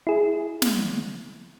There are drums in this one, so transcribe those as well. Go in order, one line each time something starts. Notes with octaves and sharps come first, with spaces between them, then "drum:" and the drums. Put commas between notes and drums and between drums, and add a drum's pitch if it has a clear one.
E4 G#4
drum: snare